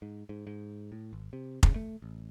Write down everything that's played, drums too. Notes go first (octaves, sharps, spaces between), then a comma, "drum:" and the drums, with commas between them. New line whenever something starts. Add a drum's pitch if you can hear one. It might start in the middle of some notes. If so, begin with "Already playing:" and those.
G#2
G#2
G#2
A2
G#1
C3
C#3, drum: kick F1
A3
A1